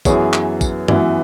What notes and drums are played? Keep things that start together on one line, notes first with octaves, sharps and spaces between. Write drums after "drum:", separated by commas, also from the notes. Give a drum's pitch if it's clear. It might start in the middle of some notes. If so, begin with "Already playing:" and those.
F#2 E3 B3 G#4 C#5, drum: kick, tambourine
drum: clap
drum: kick, tambourine
F#2 E3 B3, drum: tom